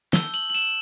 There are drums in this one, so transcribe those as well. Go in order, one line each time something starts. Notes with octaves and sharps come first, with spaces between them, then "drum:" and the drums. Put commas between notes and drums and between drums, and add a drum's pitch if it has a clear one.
A5 E6 G6 G7, drum: snare
F#7, drum: hi-hat
F#7
E7, drum: open hi-hat